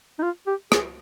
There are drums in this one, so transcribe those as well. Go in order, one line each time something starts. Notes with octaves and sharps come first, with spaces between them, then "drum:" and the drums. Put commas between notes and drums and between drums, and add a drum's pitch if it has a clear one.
D#4
F4
G4
G#4, drum: rim click